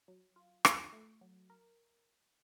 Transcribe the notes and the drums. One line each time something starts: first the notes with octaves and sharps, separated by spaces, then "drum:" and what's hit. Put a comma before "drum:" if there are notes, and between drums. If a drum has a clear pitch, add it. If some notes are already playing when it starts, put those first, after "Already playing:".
F#3
F4
F4, drum: rim click
A3
F#3
A#4